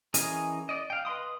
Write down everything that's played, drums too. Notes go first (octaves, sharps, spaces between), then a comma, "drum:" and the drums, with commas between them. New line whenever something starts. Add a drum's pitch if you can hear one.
E3 C#4 G#4 A#4 D#5, drum: hi-hat
D5 D#5
F5 G5
B4 D#5 C6 D#6